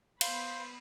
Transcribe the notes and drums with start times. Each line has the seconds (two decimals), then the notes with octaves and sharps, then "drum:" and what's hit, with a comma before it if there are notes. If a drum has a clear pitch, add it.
0.21 B3 C5 F5 B5, drum: cymbal